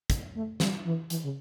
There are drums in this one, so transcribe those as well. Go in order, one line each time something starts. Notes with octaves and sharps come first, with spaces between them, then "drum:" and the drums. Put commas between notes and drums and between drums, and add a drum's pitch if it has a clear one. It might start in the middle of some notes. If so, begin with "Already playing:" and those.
drum: kick, hi-hat
A3
G3, drum: snare
E3
E3, drum: hi-hat
C#3